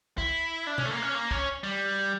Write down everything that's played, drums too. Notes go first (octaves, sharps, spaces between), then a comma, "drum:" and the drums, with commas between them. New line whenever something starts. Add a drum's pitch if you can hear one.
E4, drum: kick
D4
C#4, drum: tom
A3
A#3
C#4
A#3
C#4, drum: kick
G3